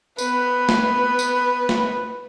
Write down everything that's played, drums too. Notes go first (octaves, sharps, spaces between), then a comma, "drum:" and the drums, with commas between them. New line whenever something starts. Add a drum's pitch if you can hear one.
B3 B4, drum: tambourine
drum: snare A3
drum: tambourine
drum: snare A3